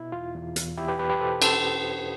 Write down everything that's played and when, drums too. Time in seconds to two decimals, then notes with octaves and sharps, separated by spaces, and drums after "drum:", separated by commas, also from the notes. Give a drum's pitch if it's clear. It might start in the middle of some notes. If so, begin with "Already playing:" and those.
Already playing: B2 E4
0.12 E2 F4
0.35 E2
0.56 E2, drum: hi-hat
0.78 E2 E4 G4
0.88 G4 B4
0.99 E2 G4 B4
1.09 G4 B4
1.20 B2 A4 C5
1.42 A4 C5, drum: cymbal